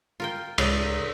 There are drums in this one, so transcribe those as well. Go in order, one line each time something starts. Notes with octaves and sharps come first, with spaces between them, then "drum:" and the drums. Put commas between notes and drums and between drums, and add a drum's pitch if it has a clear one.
F4 A#4 G5
C#2 A2 D5 D#5, drum: cymbal